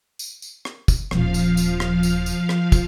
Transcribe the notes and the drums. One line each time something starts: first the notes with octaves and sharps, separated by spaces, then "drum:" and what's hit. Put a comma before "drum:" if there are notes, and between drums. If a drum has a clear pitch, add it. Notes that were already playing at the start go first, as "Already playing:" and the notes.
drum: tambourine
drum: tambourine
drum: rim click
drum: kick, tambourine
D#1 G#1 F3 F5, drum: rim click
drum: tambourine
drum: tambourine
drum: rim click
drum: tambourine
drum: tambourine
drum: rim click
drum: kick, tambourine